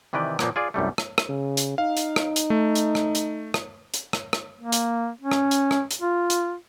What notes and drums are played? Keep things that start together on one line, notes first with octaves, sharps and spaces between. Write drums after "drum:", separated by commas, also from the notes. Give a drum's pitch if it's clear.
C3 D#3 E3 B4 D5 G5
A#2 F3 A#3 B3, drum: rim click
F4 G#4 D5
C2 F#2 G3 A3
drum: rim click
drum: rim click
C#3
drum: hi-hat
D#4 F5
drum: hi-hat
drum: rim click
drum: hi-hat
A3
drum: hi-hat
drum: rim click
drum: hi-hat
drum: rim click
drum: hi-hat
drum: rim click
drum: rim click
A#3
drum: hi-hat
C#4
drum: rim click
drum: hi-hat
drum: rim click
drum: hi-hat
F4
drum: hi-hat